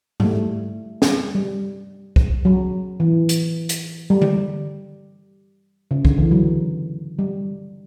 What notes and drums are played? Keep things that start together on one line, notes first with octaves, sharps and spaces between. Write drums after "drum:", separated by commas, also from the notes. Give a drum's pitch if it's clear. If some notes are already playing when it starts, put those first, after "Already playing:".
G3, drum: tom G#2
A3
drum: snare
G3
drum: kick
F#3
E3
drum: hi-hat
drum: hi-hat
G3
drum: tom D3
C#3
D3, drum: kick
E3
F#3
G3